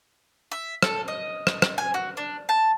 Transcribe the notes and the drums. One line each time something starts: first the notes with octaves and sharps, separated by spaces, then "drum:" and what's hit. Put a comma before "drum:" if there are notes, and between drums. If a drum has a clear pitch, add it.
E5
A4, drum: rim click
D#5
drum: rim click
drum: rim click
G#5
F#4
D4
A5